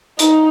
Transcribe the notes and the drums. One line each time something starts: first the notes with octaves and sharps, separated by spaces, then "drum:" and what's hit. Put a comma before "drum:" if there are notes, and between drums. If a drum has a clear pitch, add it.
D#4, drum: hi-hat